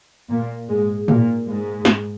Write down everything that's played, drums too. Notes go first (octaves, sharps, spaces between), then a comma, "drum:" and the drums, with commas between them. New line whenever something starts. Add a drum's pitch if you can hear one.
A#2 A#3
G#2 G#3
A#2 A#3, drum: tom
G#2 G#3
drum: snare